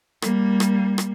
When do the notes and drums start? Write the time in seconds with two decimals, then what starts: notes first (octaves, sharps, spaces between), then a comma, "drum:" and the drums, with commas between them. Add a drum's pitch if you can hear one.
0.22 G3 A#3, drum: rim click
0.60 drum: rim click
0.98 drum: rim click